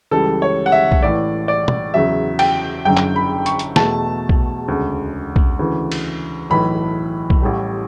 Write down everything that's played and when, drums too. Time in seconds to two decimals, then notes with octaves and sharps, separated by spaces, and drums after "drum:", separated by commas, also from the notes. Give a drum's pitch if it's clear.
0.11 C#2 C#3 E3 G3 A4
0.42 C#5
0.66 F#5
0.72 E5
0.92 drum: kick
1.03 A1 A2 E3 D5
1.48 D5
1.68 drum: tom
1.94 E2 C#3 F#3 E5
2.39 G5, drum: cymbal
2.85 F#1 F#2 D3 G5
2.97 drum: clap
3.16 B5
3.46 C#6, drum: hi-hat
3.59 drum: hi-hat
3.76 E2 B2 A3 A5, drum: snare
4.29 drum: kick
4.67 E1 D2 C#3
5.36 drum: kick
5.59 D2 C#3 E3
5.92 drum: cymbal
6.50 B1 A2 E3 B5
7.30 drum: kick
7.42 A1 A2 G3